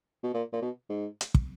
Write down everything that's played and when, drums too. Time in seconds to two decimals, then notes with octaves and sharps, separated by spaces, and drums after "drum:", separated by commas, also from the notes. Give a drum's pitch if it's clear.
0.23 B2
0.34 A#2
0.52 A#2
0.61 B2
0.89 G#2
1.21 drum: hi-hat
1.34 drum: kick